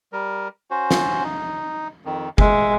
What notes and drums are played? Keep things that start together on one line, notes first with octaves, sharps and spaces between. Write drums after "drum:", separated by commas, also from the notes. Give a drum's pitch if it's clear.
G3 A#4
C#4 F#4 C5
drum: snare
D#4
F2 D#3
G#3 E5, drum: kick